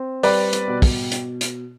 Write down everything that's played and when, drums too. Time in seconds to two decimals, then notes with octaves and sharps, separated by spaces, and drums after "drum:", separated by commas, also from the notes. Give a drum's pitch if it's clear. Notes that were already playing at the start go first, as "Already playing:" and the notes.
Already playing: C4
0.23 G3 B4 D5, drum: open hi-hat
0.53 drum: hi-hat
0.68 B2
0.82 drum: kick, open hi-hat
1.12 drum: hi-hat
1.41 drum: hi-hat